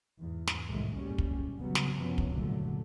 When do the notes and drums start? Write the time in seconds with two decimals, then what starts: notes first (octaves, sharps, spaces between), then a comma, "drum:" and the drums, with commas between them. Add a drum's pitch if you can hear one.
0.19 E2 G#2
0.47 drum: snare
0.68 C2 A2 D#3 G#3 A3
0.97 F#1 D2 A#2 G3 G#3 C#4
1.18 drum: kick
1.57 C#3 F#3 G3 B3
1.75 drum: snare
1.94 F#2 C3 F3 B3 C#4
2.18 drum: kick
2.28 F#1 C2 A#2 D3 F#3 A3